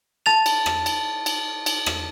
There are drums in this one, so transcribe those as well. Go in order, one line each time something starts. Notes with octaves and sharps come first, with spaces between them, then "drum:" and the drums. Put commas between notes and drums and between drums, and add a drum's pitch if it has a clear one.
A5 A6 F7
drum: cymbal
drum: rim click
drum: cymbal
drum: cymbal
drum: cymbal
drum: rim click